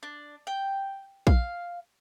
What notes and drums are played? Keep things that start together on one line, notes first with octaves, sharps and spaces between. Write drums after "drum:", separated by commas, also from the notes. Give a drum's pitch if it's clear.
D4
G5
F5, drum: kick A#1